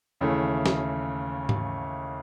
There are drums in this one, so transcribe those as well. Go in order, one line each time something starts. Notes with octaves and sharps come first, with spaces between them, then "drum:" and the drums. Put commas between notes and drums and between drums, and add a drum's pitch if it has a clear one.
D#2 C#3 E3 A3
drum: snare
drum: tom G#2